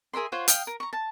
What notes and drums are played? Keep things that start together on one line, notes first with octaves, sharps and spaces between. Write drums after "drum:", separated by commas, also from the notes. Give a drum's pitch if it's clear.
G#4 A#4 E5 C6
F4 C5 C#5 F#5
F5 G5 D#6, drum: hi-hat
A#4
A#5 C#6
A5